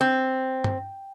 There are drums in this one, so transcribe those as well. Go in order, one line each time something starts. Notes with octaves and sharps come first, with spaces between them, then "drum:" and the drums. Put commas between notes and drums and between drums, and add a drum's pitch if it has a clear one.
C4
drum: tom